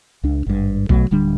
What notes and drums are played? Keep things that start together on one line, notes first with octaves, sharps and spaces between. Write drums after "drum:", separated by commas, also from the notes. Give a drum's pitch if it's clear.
C#2 D4
G#1 G2
B1 B2 F#3 A3, drum: kick A#1
D1 D3 G3 D4